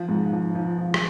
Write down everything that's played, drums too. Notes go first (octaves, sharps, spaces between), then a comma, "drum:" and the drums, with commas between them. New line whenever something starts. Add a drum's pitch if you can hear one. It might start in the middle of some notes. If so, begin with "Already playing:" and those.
Already playing: F3
G#2
F3
F3
F3
drum: rim click